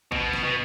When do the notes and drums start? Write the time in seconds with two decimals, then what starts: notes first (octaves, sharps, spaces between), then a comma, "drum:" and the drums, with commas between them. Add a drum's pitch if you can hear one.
0.12 B2, drum: kick
0.33 drum: snare
0.44 B2